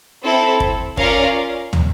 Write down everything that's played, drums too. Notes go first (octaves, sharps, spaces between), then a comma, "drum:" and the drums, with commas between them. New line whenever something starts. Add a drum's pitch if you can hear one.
C4 E4 A4
drum: kick
C#4 F4 A#4 D5 F5, drum: kick
drum: tom